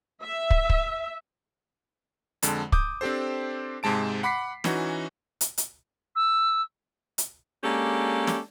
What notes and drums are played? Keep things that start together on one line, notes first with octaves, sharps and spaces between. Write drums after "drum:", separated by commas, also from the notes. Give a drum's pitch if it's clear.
E5
drum: kick
drum: kick
F2 D3 G#3 A5, drum: hi-hat
D6 D#6 G6, drum: kick
C4 D4 G4 A4 C5
G#2 C3 G#3 A5 D7
F#5 B5 D6 B6 C7
E3 C#4 D#4 F#4, drum: snare
drum: hi-hat
drum: hi-hat
E6
drum: hi-hat
G#3 A#3 C#4 D4 G4 A4
drum: snare